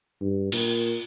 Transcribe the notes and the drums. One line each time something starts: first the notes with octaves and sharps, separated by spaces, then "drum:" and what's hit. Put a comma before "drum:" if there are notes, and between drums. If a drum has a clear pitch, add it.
G2
A#2, drum: cymbal